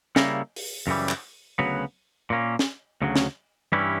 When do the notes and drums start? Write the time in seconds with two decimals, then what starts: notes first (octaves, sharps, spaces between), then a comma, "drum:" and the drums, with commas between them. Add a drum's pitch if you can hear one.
0.16 C#3 G3 A#3 E4, drum: snare
0.56 drum: open hi-hat
0.87 F#2 C#3 E3 G3
1.09 drum: clap
1.59 D2 C#3 F#3 B3
2.30 A#2 A#3 C#4
2.59 drum: snare
3.02 D2 C#3 F#3
3.16 drum: snare
3.72 G2 E3 G3 C#4 E4